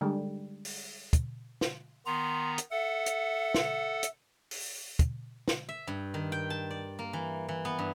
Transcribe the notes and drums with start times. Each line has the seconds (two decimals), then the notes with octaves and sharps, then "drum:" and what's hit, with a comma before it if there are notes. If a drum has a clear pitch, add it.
0.01 D3 G3 G#3
0.65 drum: open hi-hat
1.13 drum: kick, hi-hat
1.61 drum: snare
2.06 D#3 B3 A#5 C6
2.58 drum: hi-hat
2.71 A4 E5 F#5
3.06 drum: hi-hat
3.54 drum: snare
4.03 drum: hi-hat
4.51 drum: open hi-hat
4.99 drum: kick, hi-hat
5.48 drum: snare
5.69 E5
5.87 G2
6.14 D#3
6.32 G5
6.50 A5
6.70 D5
6.99 A#3
7.13 E3
7.49 E3
7.65 B3
7.79 G2